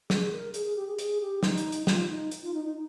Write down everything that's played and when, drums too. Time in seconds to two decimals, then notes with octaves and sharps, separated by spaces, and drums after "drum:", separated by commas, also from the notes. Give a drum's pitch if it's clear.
0.10 G#4, drum: snare
0.32 A#4
0.54 G#4, drum: hi-hat
0.66 G#4
0.76 G4
0.87 G#4
0.98 G#4, drum: hi-hat
1.20 G4
1.43 D#4, drum: snare
1.57 drum: hi-hat
1.72 drum: hi-hat
1.87 F4, drum: snare
2.09 D#4
2.31 drum: hi-hat
2.42 F4
2.54 D#4
2.65 D#4